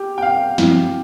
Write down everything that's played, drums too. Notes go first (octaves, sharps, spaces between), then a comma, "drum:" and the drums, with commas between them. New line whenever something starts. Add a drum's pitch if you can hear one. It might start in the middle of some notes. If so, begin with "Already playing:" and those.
Already playing: G4
G5
F5
G2 F3 C4 E4, drum: snare